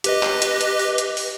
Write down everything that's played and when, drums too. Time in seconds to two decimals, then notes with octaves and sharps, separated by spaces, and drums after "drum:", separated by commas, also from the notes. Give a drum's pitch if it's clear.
0.04 G4 B4 D#5, drum: hi-hat
0.23 drum: clap
0.42 drum: hi-hat
0.61 drum: hi-hat
0.79 drum: open hi-hat
0.98 drum: hi-hat
1.17 drum: open hi-hat